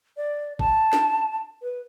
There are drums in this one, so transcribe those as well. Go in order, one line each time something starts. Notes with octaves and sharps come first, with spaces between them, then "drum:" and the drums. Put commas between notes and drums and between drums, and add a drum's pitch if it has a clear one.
D5
A5, drum: kick
drum: snare
B4